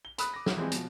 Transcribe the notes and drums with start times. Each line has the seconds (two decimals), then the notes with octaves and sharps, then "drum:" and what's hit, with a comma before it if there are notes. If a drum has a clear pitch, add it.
0.05 G7
0.18 B5 D#6 F#6, drum: hi-hat
0.34 D6 A#6
0.46 drum: snare
0.57 E3 F3 G3 G#3 C4
0.72 B2 F3, drum: hi-hat